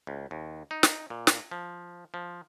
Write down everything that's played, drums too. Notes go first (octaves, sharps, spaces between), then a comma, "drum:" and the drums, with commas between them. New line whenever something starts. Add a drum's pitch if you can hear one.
C#2
D#2
D#4
drum: snare
A#2
drum: snare
F3
F3